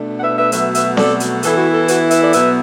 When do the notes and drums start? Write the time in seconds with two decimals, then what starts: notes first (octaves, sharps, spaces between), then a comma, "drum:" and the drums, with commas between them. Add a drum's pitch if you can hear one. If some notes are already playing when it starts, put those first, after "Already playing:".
Already playing: B2 A3 D4
0.17 F#5
0.22 B4 E5
0.37 B4 E5
0.52 B2 F#3 A3 B4 E5, drum: hi-hat
0.75 B4 E5, drum: hi-hat
0.97 A4 D5, drum: snare C4
1.20 drum: hi-hat
1.43 E3 B3 E4 A4, drum: hi-hat
1.58 F#4
1.73 A4
1.88 F#4 B4, drum: hi-hat
2.11 B4 E5, drum: hi-hat
2.22 A4 D5
2.33 B2 F#3 B3 B4 E5, drum: hi-hat